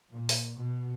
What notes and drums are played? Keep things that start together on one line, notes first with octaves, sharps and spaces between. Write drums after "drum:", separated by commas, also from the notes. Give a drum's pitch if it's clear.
A#2
drum: open hi-hat
B2